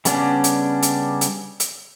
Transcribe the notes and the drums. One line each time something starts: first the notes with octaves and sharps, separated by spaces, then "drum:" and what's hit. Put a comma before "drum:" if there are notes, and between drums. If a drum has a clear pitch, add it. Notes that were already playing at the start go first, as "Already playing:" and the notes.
C#3 G3 B3 C#4 D4, drum: hi-hat
drum: hi-hat
drum: hi-hat
drum: hi-hat
drum: hi-hat